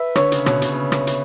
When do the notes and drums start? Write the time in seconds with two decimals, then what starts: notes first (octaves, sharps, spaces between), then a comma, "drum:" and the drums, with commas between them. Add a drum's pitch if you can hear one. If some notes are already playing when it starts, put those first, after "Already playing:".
Already playing: B4 E5
0.15 D3 C#5, drum: rim click
0.32 C#3, drum: hi-hat
0.46 B2 C#5, drum: rim click
0.62 B2, drum: hi-hat
0.72 C#3
0.92 drum: rim click
1.07 drum: hi-hat